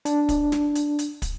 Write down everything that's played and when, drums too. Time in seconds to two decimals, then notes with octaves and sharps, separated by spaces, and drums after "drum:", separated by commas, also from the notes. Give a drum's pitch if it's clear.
0.05 D4, drum: hi-hat
0.29 drum: kick, hi-hat
0.52 drum: snare
0.75 drum: hi-hat
0.99 drum: hi-hat
1.22 drum: kick, hi-hat